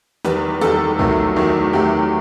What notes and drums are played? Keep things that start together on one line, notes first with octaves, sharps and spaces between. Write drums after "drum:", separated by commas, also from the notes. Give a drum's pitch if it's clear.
E2 D#3 G3 B4, drum: snare
E2 D#3 G3 A4, drum: snare
E2 D#3 F#3 A3, drum: kick
E2 D#3 F#3 A3
E2 D#3 F#3 A3 G4